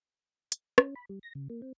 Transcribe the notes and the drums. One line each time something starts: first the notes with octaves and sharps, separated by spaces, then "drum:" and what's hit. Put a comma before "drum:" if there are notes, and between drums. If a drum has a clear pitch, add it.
drum: hi-hat
C#4, drum: rim click
B5
G3
A#6
C#3
A#3
C4